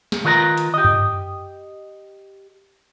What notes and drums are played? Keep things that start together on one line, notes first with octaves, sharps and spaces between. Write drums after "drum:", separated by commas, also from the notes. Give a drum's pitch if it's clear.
drum: snare
D#3 F4 A#4 B4 D5 A#5
drum: hi-hat
G4 D#5
drum: tom F#2